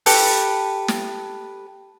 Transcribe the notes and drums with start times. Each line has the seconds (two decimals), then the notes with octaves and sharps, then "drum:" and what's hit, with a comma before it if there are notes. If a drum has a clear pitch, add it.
0.06 G4 A4 B4, drum: open hi-hat
0.88 drum: snare